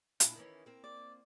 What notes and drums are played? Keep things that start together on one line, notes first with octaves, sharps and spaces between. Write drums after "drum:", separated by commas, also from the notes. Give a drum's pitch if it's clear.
A#2 D4 E4, drum: hi-hat
D#3 E3 C#4
A#3 C4
D5